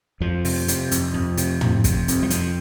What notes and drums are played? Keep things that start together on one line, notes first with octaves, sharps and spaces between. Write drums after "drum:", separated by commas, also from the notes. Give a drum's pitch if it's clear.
F2 F3
C3, drum: open hi-hat
C3, drum: hi-hat
F2, drum: hi-hat
F2
C3, drum: hi-hat
F2, drum: tom
C3, drum: kick, hi-hat
F2, drum: hi-hat
G3
F2 F3, drum: hi-hat